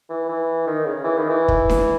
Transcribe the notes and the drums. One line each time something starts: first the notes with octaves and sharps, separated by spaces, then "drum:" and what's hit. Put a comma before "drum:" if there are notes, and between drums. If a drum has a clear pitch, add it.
E3
E3
D#3
C#3
E3
D#3
E3
drum: kick
drum: snare D4